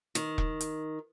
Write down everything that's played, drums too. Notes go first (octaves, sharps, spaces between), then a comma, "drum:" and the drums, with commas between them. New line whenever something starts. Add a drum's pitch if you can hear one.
D#3, drum: hi-hat
drum: kick E1
drum: hi-hat